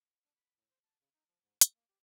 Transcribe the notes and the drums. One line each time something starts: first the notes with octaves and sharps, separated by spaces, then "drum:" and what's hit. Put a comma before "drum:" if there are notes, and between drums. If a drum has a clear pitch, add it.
D4
B5
A2
C5
A5
C#3
D#4
F3
G#2
E6, drum: hi-hat
A#3
G4